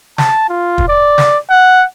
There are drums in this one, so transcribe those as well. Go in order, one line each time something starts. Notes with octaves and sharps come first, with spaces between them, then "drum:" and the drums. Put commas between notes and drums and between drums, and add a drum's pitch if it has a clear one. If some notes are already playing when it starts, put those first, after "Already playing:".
A5, drum: snare
F4
drum: kick
D5
drum: snare
F#5